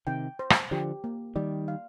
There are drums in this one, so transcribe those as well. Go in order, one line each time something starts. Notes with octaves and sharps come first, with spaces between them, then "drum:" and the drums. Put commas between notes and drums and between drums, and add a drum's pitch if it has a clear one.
C3 D#3 G5
C5
drum: rim click
D3 F3 G4
A#3
D#3 G3 D5
F5